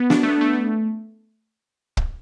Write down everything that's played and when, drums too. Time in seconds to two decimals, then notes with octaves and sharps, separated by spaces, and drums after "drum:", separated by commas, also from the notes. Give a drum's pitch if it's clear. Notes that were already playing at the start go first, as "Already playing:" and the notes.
Already playing: B3
0.10 D4, drum: snare
0.23 A3
0.29 B3
0.41 A3
0.53 A3
1.97 drum: kick